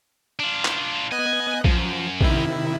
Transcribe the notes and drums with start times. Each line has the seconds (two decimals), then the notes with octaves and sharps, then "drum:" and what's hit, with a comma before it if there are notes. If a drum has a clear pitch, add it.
0.39 D4 F4
0.65 drum: clap
1.12 B3 D#5 G#5 F#6
1.64 F#2 F3, drum: kick A#1
2.21 C3 D#3 E4, drum: kick A#1